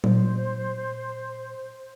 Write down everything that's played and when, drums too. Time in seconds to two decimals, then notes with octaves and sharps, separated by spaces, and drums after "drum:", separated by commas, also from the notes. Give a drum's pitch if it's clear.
0.04 A#2 C5, drum: tom F#3